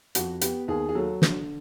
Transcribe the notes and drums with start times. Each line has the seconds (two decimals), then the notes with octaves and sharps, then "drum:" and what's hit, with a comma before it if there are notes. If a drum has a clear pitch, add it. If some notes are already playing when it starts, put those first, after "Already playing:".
0.15 F2 F#4, drum: hi-hat
0.41 B3 G4, drum: hi-hat
0.68 D#2 G#4
0.89 G#4
0.95 F#3 A4
1.22 D3, drum: snare